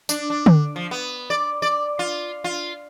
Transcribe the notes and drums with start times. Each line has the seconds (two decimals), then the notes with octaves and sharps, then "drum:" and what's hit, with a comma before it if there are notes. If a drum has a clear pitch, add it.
0.09 D4, drum: tambourine
0.30 D4
0.46 drum: tom D3
0.76 F3
0.91 B3
1.30 D5
1.62 D5
1.99 F4
2.44 F4